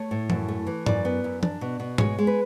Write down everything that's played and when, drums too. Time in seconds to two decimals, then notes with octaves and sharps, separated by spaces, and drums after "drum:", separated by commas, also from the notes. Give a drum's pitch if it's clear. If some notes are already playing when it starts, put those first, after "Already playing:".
Already playing: A3 C#5
0.11 A2
0.30 F#2, drum: tom E3
0.48 A3
0.67 E3
0.86 F#2 D5, drum: tom G#2
1.05 B3
1.24 F#2
1.43 D4, drum: tom E3
1.61 B2
1.80 B2
1.98 G#3 C#5, drum: tom G#2
2.18 G#3
2.27 B4